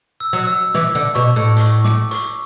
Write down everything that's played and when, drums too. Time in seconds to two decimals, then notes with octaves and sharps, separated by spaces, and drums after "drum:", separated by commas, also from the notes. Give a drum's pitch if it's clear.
0.20 E6
0.33 F#3
0.47 E6
0.74 E3 D6, drum: snare
0.95 D3
1.15 B2 C#6
1.36 A2
1.57 drum: hi-hat
1.85 D6, drum: snare
2.11 C#6, drum: hi-hat